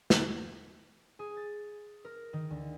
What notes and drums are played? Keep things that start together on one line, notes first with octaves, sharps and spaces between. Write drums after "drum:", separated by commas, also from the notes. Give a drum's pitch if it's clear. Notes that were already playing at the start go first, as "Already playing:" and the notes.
drum: snare
G#4
A6
A#4
D#3
D2